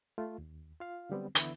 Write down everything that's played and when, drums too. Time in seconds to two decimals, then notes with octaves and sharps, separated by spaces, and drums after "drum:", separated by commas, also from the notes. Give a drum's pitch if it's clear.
0.18 A3 F4
0.38 D#2
0.80 F4 F5
1.10 D3 F#3 G3 B3 C4
1.35 D3 E3 B3 E4, drum: hi-hat